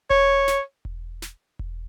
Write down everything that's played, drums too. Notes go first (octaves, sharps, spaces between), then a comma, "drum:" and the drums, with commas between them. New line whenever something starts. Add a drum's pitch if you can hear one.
C#5, drum: kick E1
drum: snare
drum: kick E1
drum: snare
drum: kick E1